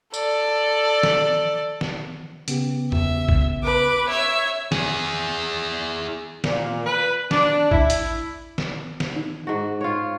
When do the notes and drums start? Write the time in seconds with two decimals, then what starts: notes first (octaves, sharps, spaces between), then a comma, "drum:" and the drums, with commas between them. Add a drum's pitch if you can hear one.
0.14 A4 D5, drum: tambourine
1.03 drum: snare
1.81 drum: snare
2.48 C#3 B3 G4, drum: hi-hat
2.92 E5, drum: tom E2
3.28 drum: kick A1
3.64 B4 D6
4.09 C#5 E5
4.72 E4 G#4, drum: snare
6.44 A#2, drum: snare
6.85 B4
7.31 D4, drum: snare
7.71 E4, drum: kick A1
7.90 drum: hi-hat
8.58 drum: snare
9.00 drum: snare
9.16 D#4
9.47 G#2 F#4
9.81 F4 C#5